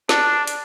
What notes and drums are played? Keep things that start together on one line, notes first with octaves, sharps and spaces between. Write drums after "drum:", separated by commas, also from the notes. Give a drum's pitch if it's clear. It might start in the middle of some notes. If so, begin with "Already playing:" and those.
D4, drum: snare
drum: hi-hat